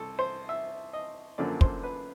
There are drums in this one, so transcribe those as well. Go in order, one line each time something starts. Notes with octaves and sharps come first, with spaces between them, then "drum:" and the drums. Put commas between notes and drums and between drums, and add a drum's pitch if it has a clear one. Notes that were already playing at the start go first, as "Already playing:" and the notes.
Already playing: C2 A4
C5
E5
D#5
F#2 D3 F3 A#3 D5
C5, drum: kick
B4